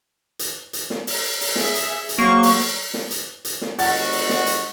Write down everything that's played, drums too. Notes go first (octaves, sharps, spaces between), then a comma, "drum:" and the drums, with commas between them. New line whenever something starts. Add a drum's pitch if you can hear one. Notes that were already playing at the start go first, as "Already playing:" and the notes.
drum: hi-hat
drum: hi-hat
drum: snare
drum: open hi-hat
drum: open hi-hat
G#4 E5, drum: snare
drum: hi-hat
drum: hi-hat
F#3 A#3 G#4 C5 C#6
drum: open hi-hat
drum: snare
drum: hi-hat
drum: hi-hat
drum: snare
G1 G#3 F#4 F#5 A6, drum: open hi-hat
drum: open hi-hat
drum: snare
drum: hi-hat